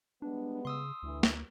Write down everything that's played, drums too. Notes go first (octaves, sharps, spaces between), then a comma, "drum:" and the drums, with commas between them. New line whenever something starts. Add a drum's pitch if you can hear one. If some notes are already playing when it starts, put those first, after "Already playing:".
G3 G#3 B3 D4
C#3 C6 D#6 E6
D2 D3 E3
drum: snare